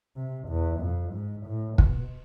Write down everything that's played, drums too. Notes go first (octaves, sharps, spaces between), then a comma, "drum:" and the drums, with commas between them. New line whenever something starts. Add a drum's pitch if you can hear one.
C3
E2
F2
G#2
A2
B2, drum: kick